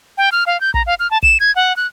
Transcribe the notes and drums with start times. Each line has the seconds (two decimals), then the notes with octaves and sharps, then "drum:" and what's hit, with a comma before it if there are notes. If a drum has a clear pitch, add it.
0.18 G5
0.32 F6
0.47 F5
0.61 G6
0.74 A#5, drum: kick
0.87 F5
0.99 F6
1.11 A5
1.23 E7, drum: kick
1.40 G#6
1.56 F#5
1.76 F#6